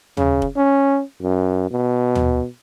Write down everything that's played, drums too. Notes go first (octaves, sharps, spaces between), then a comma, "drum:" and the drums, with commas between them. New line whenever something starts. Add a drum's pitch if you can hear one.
C#3, drum: tom
drum: kick F1
C#4
F#2
B2
drum: tom